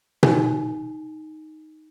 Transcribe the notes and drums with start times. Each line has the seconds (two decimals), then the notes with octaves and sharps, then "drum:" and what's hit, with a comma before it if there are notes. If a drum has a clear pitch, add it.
0.23 D#4 G#5, drum: tom B2